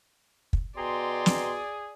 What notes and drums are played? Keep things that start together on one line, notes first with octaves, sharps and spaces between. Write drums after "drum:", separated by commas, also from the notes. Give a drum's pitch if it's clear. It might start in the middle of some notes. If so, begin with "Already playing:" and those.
drum: kick
B2 G#4 D5 G5 A#5 C6
drum: snare